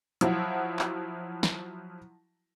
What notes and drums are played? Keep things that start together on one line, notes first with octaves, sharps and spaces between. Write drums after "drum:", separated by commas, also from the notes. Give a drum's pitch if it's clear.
F3 F#3 E4 F#4, drum: hi-hat
drum: clap
drum: snare